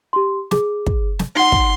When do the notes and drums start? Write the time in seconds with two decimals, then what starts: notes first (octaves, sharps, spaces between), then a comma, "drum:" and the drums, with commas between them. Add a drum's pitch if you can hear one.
0.13 G4 C6
0.51 G#4 D6, drum: snare
0.86 drum: kick
1.19 drum: snare
1.36 D#4 F#5 C6
1.52 drum: kick